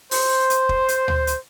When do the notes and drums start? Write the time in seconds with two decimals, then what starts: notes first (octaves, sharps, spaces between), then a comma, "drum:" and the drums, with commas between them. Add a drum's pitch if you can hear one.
0.11 C5, drum: open hi-hat
0.50 drum: hi-hat
0.69 drum: kick
0.88 drum: hi-hat
1.08 drum: tom
1.27 drum: hi-hat